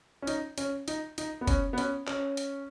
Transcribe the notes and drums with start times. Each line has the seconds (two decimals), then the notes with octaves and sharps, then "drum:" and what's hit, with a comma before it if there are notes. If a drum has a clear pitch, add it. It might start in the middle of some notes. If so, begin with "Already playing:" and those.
0.22 C#4
0.27 D#4, drum: hi-hat
0.58 C#4, drum: hi-hat
0.88 D#4, drum: hi-hat
1.18 D#4, drum: hi-hat
1.41 B3
1.47 C#4, drum: kick, hi-hat
1.73 B3
1.78 C#4, drum: hi-hat
2.07 C#4, drum: clap
2.37 drum: hi-hat